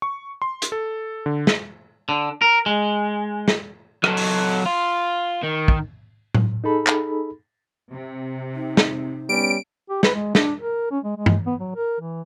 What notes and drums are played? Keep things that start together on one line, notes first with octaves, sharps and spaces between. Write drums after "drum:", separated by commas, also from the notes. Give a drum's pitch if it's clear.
C#6
C6
drum: hi-hat
A4
D3
drum: snare
D3
A#4
G#3
drum: snare
F#3 A4, drum: rim click
drum: open hi-hat
F4
D#3
drum: kick
drum: tom A2
D#4 G#4 A4 B5
drum: clap
C3
D#4
drum: snare
G3 B3 C#4 D7
G4
B4, drum: snare
G#3
D4, drum: snare
A#4
C#4
G#3
G#3
drum: tom G2
B3
F#3
A#4
E3